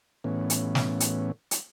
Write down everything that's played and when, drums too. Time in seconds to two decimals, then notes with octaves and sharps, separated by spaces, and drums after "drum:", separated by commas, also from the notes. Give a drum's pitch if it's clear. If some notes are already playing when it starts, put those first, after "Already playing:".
0.24 A2 E3 B3 C#4
0.50 drum: hi-hat
0.75 drum: snare
1.00 drum: hi-hat
1.51 drum: hi-hat